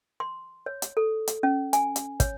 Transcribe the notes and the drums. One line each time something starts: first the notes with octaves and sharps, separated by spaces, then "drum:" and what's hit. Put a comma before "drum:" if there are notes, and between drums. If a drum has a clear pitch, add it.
C6
C#5
drum: hi-hat
A4
drum: hi-hat
C#4
G#5, drum: hi-hat
drum: hi-hat
C#5, drum: kick, hi-hat